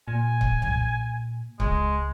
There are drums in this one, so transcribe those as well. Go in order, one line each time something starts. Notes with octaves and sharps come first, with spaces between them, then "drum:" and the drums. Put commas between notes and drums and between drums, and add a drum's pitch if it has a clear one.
A#2 G#5
drum: kick C#1
drum: tom B1
C#2 G#3, drum: kick C#1